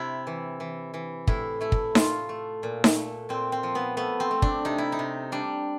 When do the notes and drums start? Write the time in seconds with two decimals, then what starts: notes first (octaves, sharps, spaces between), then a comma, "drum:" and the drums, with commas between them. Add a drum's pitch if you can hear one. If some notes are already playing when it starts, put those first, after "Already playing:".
Already playing: C3 E4
0.27 E3
0.60 E3
0.94 E3
1.27 A2 E4, drum: kick
1.61 A3 E4
1.72 drum: kick
1.95 A3 F4, drum: snare D#4
2.29 A3
2.63 A#2
2.84 drum: snare D#4
2.96 A3
3.29 A#2 C4
3.52 C4
3.63 F3
3.75 B3
3.97 A3 B3
4.20 C4
4.31 A3
4.42 D4, drum: kick
4.65 C3 D#4
4.78 E4
4.92 D#4
4.99 C3
5.32 G3 D4